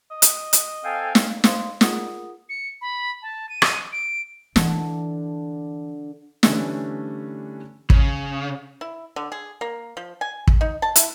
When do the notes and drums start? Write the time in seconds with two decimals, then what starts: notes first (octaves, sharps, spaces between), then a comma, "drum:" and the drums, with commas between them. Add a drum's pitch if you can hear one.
0.11 D#5
0.22 drum: hi-hat
0.53 drum: hi-hat
0.84 C4 A4 F5 G5 G#5
1.15 drum: snare
1.44 C5 F5 C6 D#6, drum: snare
1.81 F4 G#4 A#4 F#5 D#6, drum: snare
2.49 C#7
2.81 B5
3.22 A5
3.49 D#7
3.62 drum: rim click
3.92 D7
4.56 D3 E3 D4 A5, drum: snare
6.43 D3 E3 G3 A3 C#4 D4, drum: snare
7.90 C#3, drum: kick
8.81 E4
9.16 D3
9.32 G#4
9.61 A#3
9.97 F3
10.21 G#5
10.47 drum: kick
10.61 D#4
10.82 A5
10.96 E4, drum: hi-hat